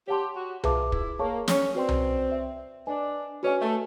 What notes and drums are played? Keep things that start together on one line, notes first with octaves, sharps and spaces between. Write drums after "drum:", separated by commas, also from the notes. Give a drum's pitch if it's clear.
G4 C#5 F#5 A5 C6
F#4
F4 G#4 B4 E5 A5 D6, drum: tom C2
E4, drum: kick
A#3 G#4 C#5 F5 A5 C#6
C#4, drum: snare
C4 F#4 B4 D5 G5 C6
drum: tom C2
C5 E5 G5
D4 B4 D#5 G#5
C#4 F#4 B4 D#5 G#5
A3